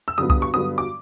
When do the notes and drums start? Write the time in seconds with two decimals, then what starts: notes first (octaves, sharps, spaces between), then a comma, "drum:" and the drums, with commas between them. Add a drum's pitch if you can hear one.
0.08 E6
0.18 G2 D3 F#3 B3 D#6
0.30 D#6, drum: kick C2
0.42 C#6
0.54 G2 D3 F#3 B3 D#6
0.78 D6